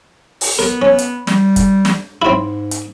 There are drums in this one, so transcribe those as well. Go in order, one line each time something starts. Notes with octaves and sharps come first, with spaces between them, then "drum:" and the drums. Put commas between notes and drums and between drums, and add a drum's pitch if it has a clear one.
drum: open hi-hat
B3 A#4
C#4
drum: hi-hat
G3, drum: snare
drum: kick, hi-hat
drum: snare
G#2 C4 E4
drum: hi-hat